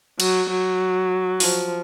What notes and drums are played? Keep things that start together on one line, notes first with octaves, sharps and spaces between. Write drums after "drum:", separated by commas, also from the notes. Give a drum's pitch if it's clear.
F#3, drum: cymbal
F#3
F3, drum: open hi-hat